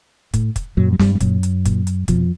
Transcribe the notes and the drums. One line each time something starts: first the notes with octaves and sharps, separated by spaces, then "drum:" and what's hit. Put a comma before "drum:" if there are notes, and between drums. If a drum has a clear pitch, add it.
A2, drum: kick, hi-hat
drum: kick, hi-hat
F#2 A#2 F#3
F#3
G2 G3, drum: snare
G3
F#2 A#2 F#3, drum: kick, hi-hat
drum: hi-hat
A#2, drum: kick, hi-hat
drum: hi-hat
F2 B2 F3, drum: kick, hi-hat